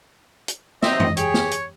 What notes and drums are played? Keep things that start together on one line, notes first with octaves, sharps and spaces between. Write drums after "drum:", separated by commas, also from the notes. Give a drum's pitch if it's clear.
drum: hi-hat
C3 F#3 C4 D#4 G4 D#5 E5, drum: snare
drum: tom
G4 G#4 C#5, drum: hi-hat
drum: snare
drum: hi-hat